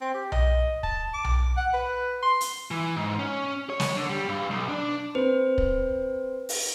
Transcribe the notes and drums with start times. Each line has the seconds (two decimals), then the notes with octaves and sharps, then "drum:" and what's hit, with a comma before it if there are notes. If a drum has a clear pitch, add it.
0.01 C4
0.14 G4
0.32 D#5, drum: tom B1
0.83 A5, drum: kick
1.13 D6
1.24 drum: tom B1
1.57 F#5
1.74 B4
2.22 C6
2.41 drum: hi-hat
2.71 E3
2.96 G#2
3.19 C#4
3.70 C#5
3.80 drum: snare
3.96 D3
4.09 G3
4.29 G2
4.50 B1
4.69 D4
5.15 C4 B4
5.58 drum: kick
6.49 drum: open hi-hat